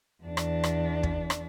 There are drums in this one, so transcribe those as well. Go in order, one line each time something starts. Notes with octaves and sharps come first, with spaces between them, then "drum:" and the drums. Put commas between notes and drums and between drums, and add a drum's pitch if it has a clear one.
E2 D4
drum: rim click
drum: rim click
drum: kick
drum: rim click